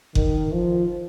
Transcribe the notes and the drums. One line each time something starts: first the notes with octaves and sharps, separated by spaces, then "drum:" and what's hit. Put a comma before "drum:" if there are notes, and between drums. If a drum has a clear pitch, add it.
D#3, drum: kick F#1
F3